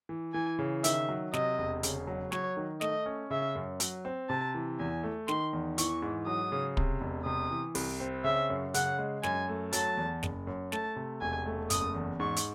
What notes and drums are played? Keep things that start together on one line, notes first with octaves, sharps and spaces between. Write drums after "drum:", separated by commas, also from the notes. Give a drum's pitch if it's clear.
E3
E3 G#5
C#3
D#3 E5, drum: hi-hat
F#3
C3 D#5, drum: snare
E1
C#3, drum: hi-hat
F#3
F#3 C#5, drum: snare
D#3
A3 D#5, drum: snare
C#4
C#3 E5
F#2
F#3, drum: hi-hat
C4
C3 A5
E3
E2 G#5
A3
D#3 C6, drum: snare
E2
E3 C#6, drum: hi-hat
G#2
F#3 D#6
C#3
C3, drum: kick
E1
C3 D#6
E3
C2, drum: open hi-hat
C4
C#3 E5
F#2
C#3 F#5, drum: hi-hat
G#3
F#2 G#5, drum: snare
A3
F#3 A5, drum: hi-hat
E2
F#1, drum: snare
F#2
A3 A5, drum: snare
C3
E1 G#5
A3
F#1 D#6, drum: hi-hat
E2
G#2 C#6
drum: hi-hat